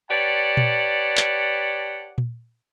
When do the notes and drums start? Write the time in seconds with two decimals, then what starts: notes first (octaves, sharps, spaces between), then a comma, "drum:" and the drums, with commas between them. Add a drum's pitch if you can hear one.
0.11 G4 B4 C#5 D5 F#5 A5
0.57 drum: tom A#2
1.17 drum: clap
2.18 drum: tom A#2